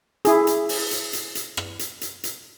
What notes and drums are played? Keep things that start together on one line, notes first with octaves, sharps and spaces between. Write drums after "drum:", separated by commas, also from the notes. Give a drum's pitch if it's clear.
E4 G#4, drum: hi-hat
drum: hi-hat
drum: open hi-hat
drum: hi-hat
drum: hi-hat
drum: hi-hat
drum: rim click
drum: hi-hat
drum: hi-hat
drum: hi-hat